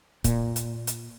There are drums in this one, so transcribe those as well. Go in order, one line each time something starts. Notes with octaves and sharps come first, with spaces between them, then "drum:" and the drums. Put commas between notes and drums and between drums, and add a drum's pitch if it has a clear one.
A#2, drum: kick C#1, hi-hat
drum: hi-hat
drum: hi-hat